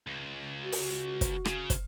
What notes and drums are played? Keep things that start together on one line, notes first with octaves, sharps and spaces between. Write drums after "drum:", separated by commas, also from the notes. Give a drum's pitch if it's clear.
C#2
F#4
drum: open hi-hat
drum: kick, hi-hat
C#3, drum: rim click
drum: kick, hi-hat